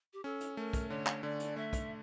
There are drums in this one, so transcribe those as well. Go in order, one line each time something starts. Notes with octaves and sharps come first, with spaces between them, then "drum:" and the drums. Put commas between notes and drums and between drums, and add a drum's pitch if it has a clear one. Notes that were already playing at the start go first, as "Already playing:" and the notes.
G4
C#4 A4
drum: hi-hat
A3 A#4
drum: kick, hi-hat
D3 C#5
drum: clap
D3 D5
drum: hi-hat
A3 E5
drum: kick, hi-hat